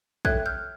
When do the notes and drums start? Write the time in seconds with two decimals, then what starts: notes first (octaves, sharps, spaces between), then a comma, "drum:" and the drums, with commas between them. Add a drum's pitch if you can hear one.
0.25 A4 C#5 E5 G5 F#6 G#6, drum: kick
0.46 F6 G6